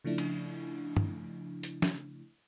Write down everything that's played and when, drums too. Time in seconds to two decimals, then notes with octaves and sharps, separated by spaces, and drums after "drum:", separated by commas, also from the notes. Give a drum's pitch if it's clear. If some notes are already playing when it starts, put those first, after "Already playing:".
0.04 C#3 F3 A3 D4 E4
0.18 drum: cymbal
0.97 drum: tom G2
1.63 drum: hi-hat
1.82 drum: snare